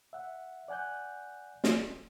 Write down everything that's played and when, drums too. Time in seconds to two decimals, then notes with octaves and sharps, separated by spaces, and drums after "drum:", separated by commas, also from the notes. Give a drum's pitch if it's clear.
0.13 E5 F#5
0.68 D5 F#5 G#5 F#6 G6
1.64 drum: snare